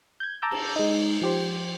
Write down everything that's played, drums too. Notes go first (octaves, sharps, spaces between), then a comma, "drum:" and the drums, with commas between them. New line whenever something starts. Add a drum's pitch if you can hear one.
G6 G#6
A5 A#5 D6 E6 G6
drum: cymbal
G#3 D#4
F3 G4 C5